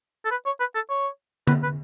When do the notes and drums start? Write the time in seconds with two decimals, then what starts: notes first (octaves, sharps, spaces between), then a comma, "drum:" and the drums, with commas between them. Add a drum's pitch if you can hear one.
0.25 A4
0.31 B4
0.46 C#5
0.60 B4
0.75 A4
0.90 C#5
1.47 B4, drum: tom D3
1.63 B4